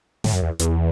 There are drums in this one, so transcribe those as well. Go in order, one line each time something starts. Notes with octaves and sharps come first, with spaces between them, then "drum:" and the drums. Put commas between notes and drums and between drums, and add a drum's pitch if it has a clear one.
A2, drum: snare
F#2
E2
E2, drum: hi-hat